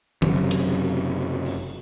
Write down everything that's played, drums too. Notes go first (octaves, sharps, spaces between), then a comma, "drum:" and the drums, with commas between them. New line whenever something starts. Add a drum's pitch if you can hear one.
F#1 F#2 C3, drum: tom D#3
drum: cymbal
drum: open hi-hat